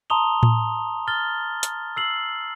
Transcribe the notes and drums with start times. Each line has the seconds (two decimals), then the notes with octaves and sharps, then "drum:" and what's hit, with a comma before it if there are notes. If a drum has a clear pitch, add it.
0.10 A5 A#5 C6 D#6 F7 G7
0.43 drum: tom A2
1.07 F6 A6 G7
1.63 drum: hi-hat
1.96 E6 C7 F#7